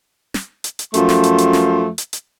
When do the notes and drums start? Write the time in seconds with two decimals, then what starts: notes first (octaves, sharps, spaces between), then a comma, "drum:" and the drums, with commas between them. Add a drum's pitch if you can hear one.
0.34 drum: snare
0.64 drum: hi-hat
0.79 drum: hi-hat
0.94 F#2 F3 A3 C6, drum: hi-hat
1.09 drum: snare
1.24 drum: hi-hat
1.38 drum: hi-hat
1.53 drum: snare
1.98 drum: hi-hat
2.13 drum: hi-hat